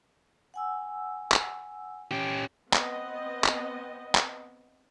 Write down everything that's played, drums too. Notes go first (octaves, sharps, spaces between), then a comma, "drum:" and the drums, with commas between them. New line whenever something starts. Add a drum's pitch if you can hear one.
F#5 G#5 E6
drum: clap
C#4 G4
B3 C4 D#5, drum: clap
drum: clap
drum: clap